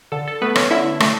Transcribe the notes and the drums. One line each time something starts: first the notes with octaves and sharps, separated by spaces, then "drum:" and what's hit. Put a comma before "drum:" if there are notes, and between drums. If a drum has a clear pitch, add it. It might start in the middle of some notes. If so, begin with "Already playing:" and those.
D3 A4
A4
A3 B3 B4
C#4 C#5, drum: rim click
D3 E4 E5
A3, drum: rim click